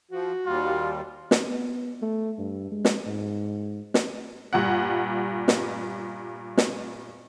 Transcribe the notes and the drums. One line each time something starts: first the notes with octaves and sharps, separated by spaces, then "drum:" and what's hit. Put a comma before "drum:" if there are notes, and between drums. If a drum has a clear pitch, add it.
F3 F#4
D#2 G3 F4
drum: snare
B3
A3
G2
G#3
drum: snare
G#2
drum: snare
G2 A#2 F#5
drum: snare
drum: snare